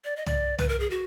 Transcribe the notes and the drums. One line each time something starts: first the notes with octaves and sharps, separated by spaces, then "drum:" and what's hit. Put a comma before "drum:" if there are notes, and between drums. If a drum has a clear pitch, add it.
D5
D#5
D5, drum: tom
B4, drum: tom
A#4
G#4
F#4